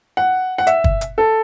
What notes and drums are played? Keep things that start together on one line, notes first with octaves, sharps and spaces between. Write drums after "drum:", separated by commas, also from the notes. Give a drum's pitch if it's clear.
F#5
F#5
E5, drum: hi-hat
drum: kick
drum: hi-hat
A4